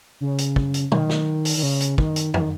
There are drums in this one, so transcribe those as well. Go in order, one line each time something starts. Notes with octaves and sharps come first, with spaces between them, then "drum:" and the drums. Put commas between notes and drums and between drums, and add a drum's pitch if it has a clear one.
C#3
drum: hi-hat
drum: kick
drum: hi-hat
D#3, drum: tom
drum: snare
drum: open hi-hat
D#3
C#3
drum: hi-hat
D#3, drum: kick
drum: hi-hat
E3, drum: tom F2
D#3